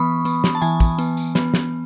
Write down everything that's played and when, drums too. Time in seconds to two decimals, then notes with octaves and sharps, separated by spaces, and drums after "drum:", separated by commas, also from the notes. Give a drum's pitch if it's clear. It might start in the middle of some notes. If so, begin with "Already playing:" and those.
Already playing: E3 B3 B5 C#6 D#6
0.25 B3, drum: tambourine
0.44 drum: snare
0.55 A5
0.61 E3 G#5, drum: tambourine
0.80 drum: kick, tambourine
0.98 B3, drum: tambourine
1.17 drum: tambourine
1.35 B3, drum: snare
1.54 drum: snare